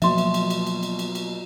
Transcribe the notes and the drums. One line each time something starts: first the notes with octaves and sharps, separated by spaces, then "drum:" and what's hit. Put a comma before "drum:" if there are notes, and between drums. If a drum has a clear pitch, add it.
B2 F3 F#3 A#3 E5 C6, drum: cymbal
drum: cymbal
drum: cymbal
drum: cymbal
drum: cymbal
drum: cymbal
drum: cymbal
drum: cymbal